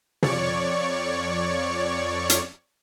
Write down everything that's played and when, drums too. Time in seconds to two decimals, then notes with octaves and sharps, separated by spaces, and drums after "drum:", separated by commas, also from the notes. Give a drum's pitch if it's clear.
0.23 F2 C#5 D5 C#6, drum: tom
2.30 drum: hi-hat